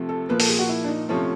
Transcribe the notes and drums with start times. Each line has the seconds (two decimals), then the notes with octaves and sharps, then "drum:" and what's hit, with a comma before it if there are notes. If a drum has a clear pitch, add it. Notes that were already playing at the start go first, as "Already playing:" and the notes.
Already playing: C3 F3 A3
0.09 A4
0.29 A#2 F3 A#3 B4
0.40 A4, drum: open hi-hat
0.49 G#4
0.59 F#4
0.69 E4
0.84 D4
0.88 D#4
1.09 C3 F3 A3 C#4